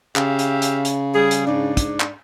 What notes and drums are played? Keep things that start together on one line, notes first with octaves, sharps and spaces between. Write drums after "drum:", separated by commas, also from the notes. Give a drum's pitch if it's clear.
C#3 G4 E5 F5, drum: clap
drum: hi-hat
drum: hi-hat
drum: hi-hat
G3 G#4
drum: hi-hat
G#2 D4
drum: kick, hi-hat
drum: clap